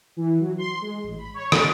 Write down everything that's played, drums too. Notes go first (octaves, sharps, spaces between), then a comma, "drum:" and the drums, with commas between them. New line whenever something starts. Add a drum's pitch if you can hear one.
E3
F#3
C6
G#3
A1
B5
C#5
A6, drum: rim click